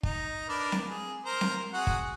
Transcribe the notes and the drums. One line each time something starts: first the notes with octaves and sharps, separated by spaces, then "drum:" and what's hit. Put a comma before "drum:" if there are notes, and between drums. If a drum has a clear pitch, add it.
D#4, drum: kick
D4 A#4 B4
drum: snare C4
G#4
A#4 C5 A#5
drum: snare C4
F#4 G#4 F#5
drum: kick